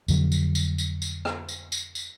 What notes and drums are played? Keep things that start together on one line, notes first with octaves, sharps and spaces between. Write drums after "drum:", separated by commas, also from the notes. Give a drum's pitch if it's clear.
F2 D3 F#3, drum: tambourine
drum: tambourine
drum: tambourine
drum: tambourine
drum: tambourine
drum: rim click
drum: tambourine
drum: tambourine
drum: tambourine